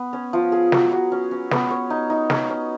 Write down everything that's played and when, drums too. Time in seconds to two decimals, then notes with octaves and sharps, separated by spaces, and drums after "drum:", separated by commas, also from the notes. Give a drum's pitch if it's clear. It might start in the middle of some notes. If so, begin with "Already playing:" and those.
Already playing: B3
0.13 C#4
0.33 F3
0.52 G#4
0.72 F#3, drum: snare
0.92 F#3
1.12 C#4
1.31 C#4
1.51 B3, drum: snare
1.71 C#5
1.90 D#4
2.10 D#4
2.30 C#4, drum: snare
2.49 C#4